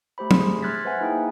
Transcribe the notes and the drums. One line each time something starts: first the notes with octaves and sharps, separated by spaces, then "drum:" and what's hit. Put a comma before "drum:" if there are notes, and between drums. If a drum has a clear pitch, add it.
A3 G4 C5 B5
G#4 C6, drum: tom
C6 F6 F#6 G#6 A6 B6
B4 C5 E5 F#5 G#5
A#3 D#4 E4 G#4 G5
A#3